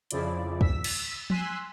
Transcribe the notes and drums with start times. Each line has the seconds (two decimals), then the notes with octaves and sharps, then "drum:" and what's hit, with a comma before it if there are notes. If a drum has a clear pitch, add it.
0.11 F2 C#3 F3 E4 D5, drum: hi-hat
0.61 E6 B6, drum: kick
0.84 drum: cymbal
1.30 G#5 C6 E6 F#6 B6, drum: tom F3